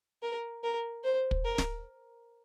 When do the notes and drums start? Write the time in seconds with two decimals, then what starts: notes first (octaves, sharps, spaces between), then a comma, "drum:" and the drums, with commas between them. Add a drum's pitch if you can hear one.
0.23 A#4
0.64 A#4
1.04 C5
1.31 drum: kick
1.45 A#4
1.58 drum: snare